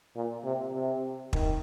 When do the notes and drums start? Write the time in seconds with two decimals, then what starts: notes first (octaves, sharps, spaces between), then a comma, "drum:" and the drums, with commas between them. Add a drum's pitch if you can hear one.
0.16 A#2
0.44 C3
0.74 C3
1.33 D#3, drum: kick